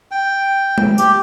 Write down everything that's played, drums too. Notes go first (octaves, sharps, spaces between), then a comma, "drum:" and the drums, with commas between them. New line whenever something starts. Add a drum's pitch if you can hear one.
G5
drum: tom G#3
G4, drum: tambourine